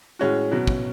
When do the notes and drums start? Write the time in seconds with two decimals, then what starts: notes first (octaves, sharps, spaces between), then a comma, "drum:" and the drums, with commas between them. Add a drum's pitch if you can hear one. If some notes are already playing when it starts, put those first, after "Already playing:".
0.19 A2 G#3 C#4 F#4
0.51 B2 F#3 C#4 F#4
0.67 drum: kick